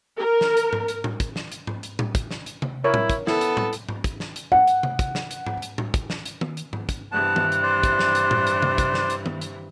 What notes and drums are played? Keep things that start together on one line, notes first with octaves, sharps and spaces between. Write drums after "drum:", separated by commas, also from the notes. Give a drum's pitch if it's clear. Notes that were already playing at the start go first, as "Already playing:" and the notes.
A#4
drum: snare
drum: hi-hat
drum: tom G#2
drum: hi-hat
drum: tom A2
drum: kick, hi-hat
drum: snare
drum: hi-hat
drum: tom G#2
drum: hi-hat
drum: tom A2
drum: kick, hi-hat
drum: snare
drum: hi-hat
drum: tom C3
E4 A#4 C#5
drum: tom A2
drum: kick, hi-hat
B3 E4 A4, drum: snare
drum: hi-hat
drum: tom A2
drum: hi-hat
drum: tom G#2
drum: kick, hi-hat
drum: snare
drum: hi-hat
F#5, drum: tom G#2
drum: hi-hat
drum: tom C3
drum: kick, hi-hat
drum: snare
drum: hi-hat
drum: tom G#2
drum: hi-hat
drum: tom A2
drum: kick, hi-hat
drum: snare
drum: hi-hat
drum: tom D#3
drum: hi-hat
drum: tom G#2
drum: kick, hi-hat
G2 C3 E3 B3 A5 F#6
drum: tom D#3
drum: hi-hat
C5 D5
drum: kick, hi-hat
drum: snare
drum: hi-hat
drum: tom A2
drum: hi-hat
drum: tom C3
drum: kick, hi-hat
drum: snare
drum: hi-hat
drum: tom D#3
drum: hi-hat